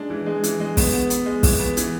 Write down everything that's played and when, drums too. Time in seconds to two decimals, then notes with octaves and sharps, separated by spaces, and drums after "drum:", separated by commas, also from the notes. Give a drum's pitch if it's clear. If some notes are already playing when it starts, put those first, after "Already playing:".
Already playing: G#3 D4
0.10 E3
0.26 G#3
0.44 E3, drum: hi-hat
0.60 G#3
0.77 B3, drum: kick, open hi-hat
0.93 B3
1.10 B3, drum: hi-hat
1.26 G#3
1.43 E3, drum: kick, open hi-hat
1.60 B3
1.77 E3, drum: hi-hat